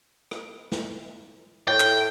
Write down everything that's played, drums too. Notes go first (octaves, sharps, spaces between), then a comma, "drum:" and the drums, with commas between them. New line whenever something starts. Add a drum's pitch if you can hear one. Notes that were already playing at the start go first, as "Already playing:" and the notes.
drum: rim click
drum: snare
A2 G5
drum: clap